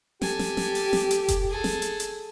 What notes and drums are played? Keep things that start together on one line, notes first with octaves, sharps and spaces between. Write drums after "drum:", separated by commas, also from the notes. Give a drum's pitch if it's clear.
G4 A4 G#5, drum: snare
drum: snare
drum: snare
drum: open hi-hat
drum: snare
drum: hi-hat
drum: kick F1, hi-hat
G#4 A4
drum: snare
drum: hi-hat
drum: hi-hat